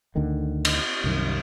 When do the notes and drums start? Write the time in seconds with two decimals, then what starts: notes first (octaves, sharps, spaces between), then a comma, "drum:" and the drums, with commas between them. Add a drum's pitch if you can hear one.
0.15 D2 D3 D#3 A3
0.65 drum: cymbal
1.04 C2 F#2 D#3